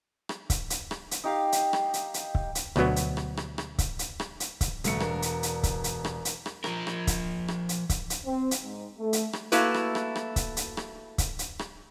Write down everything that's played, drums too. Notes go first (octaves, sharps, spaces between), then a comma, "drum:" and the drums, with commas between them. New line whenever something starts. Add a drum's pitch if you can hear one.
drum: rim click
drum: kick C#1, hi-hat
drum: hi-hat
drum: rim click
drum: hi-hat
D#4 G4 F5
drum: hi-hat
drum: rim click
drum: hi-hat
drum: hi-hat
drum: kick C#1
drum: hi-hat
D2 B2 F#3 B3, drum: rim click
drum: hi-hat
drum: rim click
drum: rim click
drum: rim click
drum: kick C#1, hi-hat
drum: hi-hat
drum: rim click
drum: hi-hat
drum: kick C#1, hi-hat
E1 D3 A3 C#7, drum: hi-hat
D4 A#4, drum: rim click
drum: hi-hat
drum: hi-hat
drum: kick C#1, hi-hat
drum: hi-hat
drum: rim click
drum: hi-hat
drum: rim click
F3 A#4, drum: rim click
drum: rim click
drum: kick C#1, hi-hat
drum: rim click
drum: hi-hat
drum: kick C#1, hi-hat
drum: hi-hat
C4
drum: hi-hat
G#2
A3
drum: hi-hat
drum: rim click
A3 A#3 E4 F#4 B4, drum: hi-hat
drum: rim click
drum: rim click
drum: rim click
drum: kick C#1, hi-hat
drum: hi-hat
drum: rim click
drum: kick C#1, hi-hat
drum: hi-hat
drum: rim click